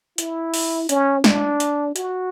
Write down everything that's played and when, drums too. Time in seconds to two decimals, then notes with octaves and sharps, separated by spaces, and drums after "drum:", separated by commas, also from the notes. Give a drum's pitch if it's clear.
0.18 E4, drum: hi-hat
0.54 drum: open hi-hat
0.89 C#4, drum: hi-hat
1.24 D4, drum: snare
1.60 drum: hi-hat
1.96 F#4, drum: hi-hat